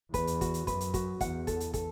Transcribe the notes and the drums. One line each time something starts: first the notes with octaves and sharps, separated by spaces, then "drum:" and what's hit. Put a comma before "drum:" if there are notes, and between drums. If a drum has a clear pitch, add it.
E2 B4, drum: kick, hi-hat
drum: hi-hat
F#4, drum: kick, hi-hat
drum: hi-hat
F#2 B4, drum: kick, hi-hat
drum: hi-hat
F#4, drum: kick, hi-hat
E2 F#5, drum: kick, hi-hat
A4, drum: kick, hi-hat
drum: hi-hat
A4, drum: kick, hi-hat